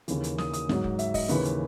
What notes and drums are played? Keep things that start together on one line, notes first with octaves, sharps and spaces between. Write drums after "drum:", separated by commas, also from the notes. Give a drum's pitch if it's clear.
D#2 C#3 E3, drum: hi-hat
drum: hi-hat
D#6, drum: snare
D#6, drum: hi-hat
G#2 F#3, drum: snare
drum: kick
E5, drum: hi-hat
D#5, drum: kick, open hi-hat
D#2 C#3 E3 B4, drum: hi-hat
drum: hi-hat